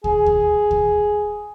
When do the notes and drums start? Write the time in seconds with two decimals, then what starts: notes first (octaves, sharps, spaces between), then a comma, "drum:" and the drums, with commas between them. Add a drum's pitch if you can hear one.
0.04 G#4, drum: kick
0.26 drum: kick
0.71 drum: kick